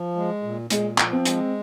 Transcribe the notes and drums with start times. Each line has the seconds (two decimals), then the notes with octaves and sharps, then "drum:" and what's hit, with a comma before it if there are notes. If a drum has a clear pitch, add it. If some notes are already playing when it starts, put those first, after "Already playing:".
Already playing: F3
0.16 G#3
0.43 A#2
0.70 A#2 G#3, drum: hi-hat
0.98 F3, drum: clap
1.12 C4
1.25 G#3, drum: hi-hat